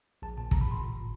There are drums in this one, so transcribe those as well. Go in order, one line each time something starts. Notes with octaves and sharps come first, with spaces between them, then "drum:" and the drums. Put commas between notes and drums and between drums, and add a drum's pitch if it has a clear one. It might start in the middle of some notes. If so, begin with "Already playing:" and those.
A#1 A5
A#2 A5
A1 A#5, drum: kick
B5
A2 C6
G1